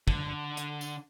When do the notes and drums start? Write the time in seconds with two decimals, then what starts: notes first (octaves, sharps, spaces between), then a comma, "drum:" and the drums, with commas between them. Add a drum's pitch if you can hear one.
0.08 D3, drum: kick
0.57 drum: hi-hat
0.81 drum: tambourine